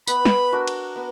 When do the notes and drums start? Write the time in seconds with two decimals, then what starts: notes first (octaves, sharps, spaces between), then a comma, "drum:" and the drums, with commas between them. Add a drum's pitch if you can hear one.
0.07 B3 B5, drum: tambourine
0.25 drum: snare
0.53 D4 F#4 A#4
0.67 drum: cymbal
0.96 B3